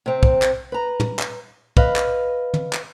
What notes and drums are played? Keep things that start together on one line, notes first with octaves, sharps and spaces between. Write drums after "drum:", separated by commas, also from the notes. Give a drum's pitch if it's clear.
C3 C4
drum: kick
drum: clap
B4 A#5
drum: tom
drum: clap
B4 D#5 F5, drum: kick
drum: clap
drum: tom
drum: clap